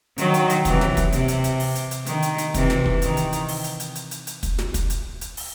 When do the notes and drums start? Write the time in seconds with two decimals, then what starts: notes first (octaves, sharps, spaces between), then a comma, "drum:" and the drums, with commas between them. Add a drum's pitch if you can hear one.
0.18 D#3 F#3, drum: hi-hat
0.34 drum: hi-hat
0.50 drum: hi-hat
0.65 C3 E3, drum: kick, hi-hat
0.81 drum: snare
0.97 drum: kick, hi-hat
1.13 C3, drum: hi-hat
1.28 drum: hi-hat
1.44 drum: hi-hat
1.60 drum: open hi-hat
1.76 drum: hi-hat
1.91 drum: hi-hat
2.07 D#3, drum: hi-hat
2.23 drum: hi-hat
2.38 drum: hi-hat
2.54 C3 E3, drum: kick, hi-hat
2.70 drum: snare
2.86 drum: kick
3.02 D#3, drum: hi-hat
3.17 drum: hi-hat
3.33 drum: hi-hat
3.48 drum: open hi-hat
3.64 drum: hi-hat
3.80 drum: hi-hat
3.96 drum: hi-hat
4.11 drum: hi-hat
4.27 drum: hi-hat
4.43 drum: kick, hi-hat
4.59 drum: snare
4.74 drum: kick, hi-hat
4.90 drum: hi-hat
5.21 drum: hi-hat
5.37 drum: open hi-hat